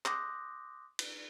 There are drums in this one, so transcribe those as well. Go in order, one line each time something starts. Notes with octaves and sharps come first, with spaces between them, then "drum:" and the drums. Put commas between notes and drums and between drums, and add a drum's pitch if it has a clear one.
C6 D6 D#6 F#6 G6 A#6, drum: clap
drum: cymbal